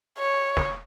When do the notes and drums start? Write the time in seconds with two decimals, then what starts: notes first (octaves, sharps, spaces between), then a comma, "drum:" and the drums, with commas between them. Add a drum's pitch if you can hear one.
0.19 C#5
0.57 drum: snare